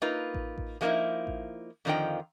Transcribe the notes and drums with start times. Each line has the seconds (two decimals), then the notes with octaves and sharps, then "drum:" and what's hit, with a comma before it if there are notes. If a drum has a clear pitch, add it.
0.02 A#3 D#4 F4 B4
0.34 drum: kick A1
0.58 drum: kick A1
0.81 F3 G#3 A#3 B3 D#4 E4
1.27 drum: kick A1
1.85 F2 D3 D#3 F3 D#5 G5